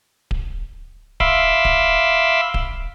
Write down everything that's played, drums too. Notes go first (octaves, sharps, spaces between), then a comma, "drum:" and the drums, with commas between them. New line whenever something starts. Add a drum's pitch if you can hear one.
drum: kick D1
E5 F5 B5 C6 D6 E6, drum: kick D1
drum: kick D1
drum: kick D1